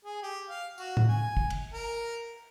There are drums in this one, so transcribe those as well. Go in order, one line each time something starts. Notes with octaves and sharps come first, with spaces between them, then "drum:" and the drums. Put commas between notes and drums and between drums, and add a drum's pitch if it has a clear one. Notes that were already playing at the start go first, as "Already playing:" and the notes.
G#4
G4
F5
F#4, drum: tambourine
drum: tom A2
G#5
drum: kick
drum: cymbal
A#4